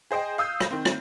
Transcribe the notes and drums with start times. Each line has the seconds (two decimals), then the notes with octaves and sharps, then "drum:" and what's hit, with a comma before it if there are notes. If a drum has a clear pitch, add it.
0.11 G#4 C5 D#5 G5
0.38 F5 D#6 E6 G6
0.60 drum: rim click
0.71 D#3 C4
0.85 drum: rim click